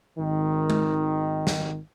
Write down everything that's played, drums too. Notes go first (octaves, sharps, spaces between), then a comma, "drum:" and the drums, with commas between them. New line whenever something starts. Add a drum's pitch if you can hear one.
G#1 D#3
drum: tom G#3
drum: snare